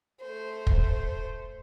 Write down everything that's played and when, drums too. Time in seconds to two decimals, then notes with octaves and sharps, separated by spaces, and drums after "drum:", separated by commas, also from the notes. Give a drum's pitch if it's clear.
0.21 A3 C5
0.67 drum: kick